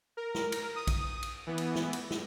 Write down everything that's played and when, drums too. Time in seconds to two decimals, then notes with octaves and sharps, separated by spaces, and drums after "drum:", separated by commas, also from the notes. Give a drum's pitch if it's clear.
0.17 A#4
0.35 drum: snare
0.52 drum: cymbal
0.76 D#6
0.87 drum: kick A#1, cymbal
1.23 drum: cymbal
1.47 E3 B3
1.58 drum: cymbal
1.75 drum: snare
1.93 drum: cymbal
2.11 drum: snare